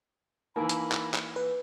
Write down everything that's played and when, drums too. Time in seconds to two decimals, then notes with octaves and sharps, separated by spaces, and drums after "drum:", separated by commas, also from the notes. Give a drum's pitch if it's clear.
0.56 E3 A#3 D#4 A#4 G#5 B5
0.69 drum: hi-hat
0.92 drum: clap
1.14 drum: clap
1.36 B4